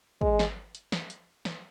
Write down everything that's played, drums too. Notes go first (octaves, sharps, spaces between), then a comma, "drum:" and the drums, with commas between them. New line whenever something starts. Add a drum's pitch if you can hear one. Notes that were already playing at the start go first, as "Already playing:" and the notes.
G#3, drum: kick
drum: snare
drum: hi-hat
drum: snare
drum: hi-hat
drum: snare